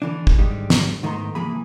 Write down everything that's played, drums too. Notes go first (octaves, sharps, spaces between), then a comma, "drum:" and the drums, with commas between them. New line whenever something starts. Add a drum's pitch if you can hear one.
D3 E3 D4
drum: kick
G#2 D3 D#3 G3
drum: snare
G#2 D#3 A3 B3 A#5 C6
C2 E3 F3 A#3 G#4 B5